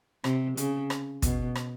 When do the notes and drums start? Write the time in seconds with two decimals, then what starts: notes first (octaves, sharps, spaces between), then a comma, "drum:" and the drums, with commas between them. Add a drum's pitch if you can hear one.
0.24 C3, drum: rim click
0.57 C#3, drum: hi-hat
0.90 drum: rim click
1.22 B2, drum: kick, hi-hat
1.55 drum: rim click